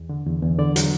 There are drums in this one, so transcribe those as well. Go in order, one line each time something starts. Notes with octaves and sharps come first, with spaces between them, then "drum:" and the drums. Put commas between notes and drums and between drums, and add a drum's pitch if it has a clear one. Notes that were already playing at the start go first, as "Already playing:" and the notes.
Already playing: E2
D3
E2
E2
D3 D5
F#3, drum: hi-hat